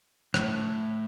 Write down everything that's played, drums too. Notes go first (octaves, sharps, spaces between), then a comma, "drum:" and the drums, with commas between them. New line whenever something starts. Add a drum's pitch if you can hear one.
A2, drum: rim click